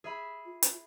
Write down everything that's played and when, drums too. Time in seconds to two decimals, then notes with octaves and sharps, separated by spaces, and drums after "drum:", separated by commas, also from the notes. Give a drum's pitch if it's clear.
0.04 G#4 E5 B5
0.46 F4
0.63 drum: hi-hat